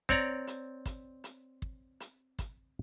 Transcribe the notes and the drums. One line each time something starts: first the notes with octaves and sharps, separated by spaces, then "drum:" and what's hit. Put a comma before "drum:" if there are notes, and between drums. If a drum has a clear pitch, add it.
C4 C#5 D5 A#5, drum: kick, hi-hat
drum: hi-hat
drum: kick, hi-hat
drum: hi-hat
drum: kick
drum: hi-hat
drum: kick, hi-hat